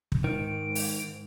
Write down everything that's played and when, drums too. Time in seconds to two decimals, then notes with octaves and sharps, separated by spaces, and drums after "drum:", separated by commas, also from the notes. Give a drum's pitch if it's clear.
0.12 drum: kick
0.24 G#2 D#3 D7
0.75 drum: open hi-hat